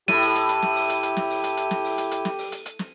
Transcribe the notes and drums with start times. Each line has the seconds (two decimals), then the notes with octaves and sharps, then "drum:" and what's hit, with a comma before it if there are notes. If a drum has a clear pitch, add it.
0.08 A2 E4 G4 D#7, drum: snare
0.22 drum: open hi-hat
0.35 drum: hi-hat
0.49 drum: hi-hat
0.62 drum: snare
0.76 drum: open hi-hat
0.89 drum: hi-hat
1.03 drum: hi-hat
1.17 drum: snare
1.30 drum: open hi-hat
1.44 drum: hi-hat
1.57 drum: hi-hat
1.71 drum: snare
1.84 drum: open hi-hat
1.98 drum: hi-hat
2.11 drum: hi-hat
2.25 drum: snare
2.39 drum: open hi-hat
2.52 drum: hi-hat
2.66 drum: hi-hat
2.79 drum: snare